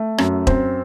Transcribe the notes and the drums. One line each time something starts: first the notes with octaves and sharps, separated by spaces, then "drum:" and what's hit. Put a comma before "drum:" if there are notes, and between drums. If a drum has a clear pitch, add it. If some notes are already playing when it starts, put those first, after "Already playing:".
Already playing: A3
F#2, drum: rim click
C4, drum: kick E1